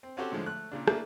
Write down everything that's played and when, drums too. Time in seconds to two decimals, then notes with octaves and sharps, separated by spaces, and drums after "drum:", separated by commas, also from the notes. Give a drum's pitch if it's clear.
0.03 C4
0.17 C4 C#4 F#4 G4 A4 C5
0.32 A2 D3 F3 G#3
0.46 A3 F#6
0.72 A#2 C#3 D4
0.88 A3 A#3 D4 E4, drum: rim click